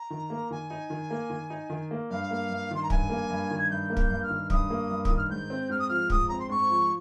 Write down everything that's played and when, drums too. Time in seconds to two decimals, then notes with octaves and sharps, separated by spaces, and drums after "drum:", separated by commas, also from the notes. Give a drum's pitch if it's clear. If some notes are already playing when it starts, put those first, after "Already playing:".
Already playing: A#5
0.10 D#3
0.30 A#3
0.51 D#3 G#5
0.70 D#4
0.90 D#3
1.10 A#3
1.30 D#3
1.50 D#4
1.70 D#3
1.91 A#3
2.10 G2 F5
2.31 A#3
2.50 G2
2.71 D#3 C6
2.83 A#5
2.90 G2 G#5, drum: kick
3.10 A#3
3.30 G2
3.51 D#3
3.58 G#6
3.70 G2 G6
3.90 A#3
3.97 G6, drum: kick
4.10 G2
4.23 F6
4.30 D#3
4.50 G2 D#6, drum: kick
4.70 A#3
4.90 G2
5.05 D#6, drum: kick
5.10 D#3
5.17 F6
5.30 G#2 G6
5.50 C4
5.70 G#2 F6
5.79 D#6
5.88 F3 F6
6.10 G#2 D#6, drum: kick
6.28 C4 A#5
6.39 C6
6.49 G#2 C#6
6.70 F3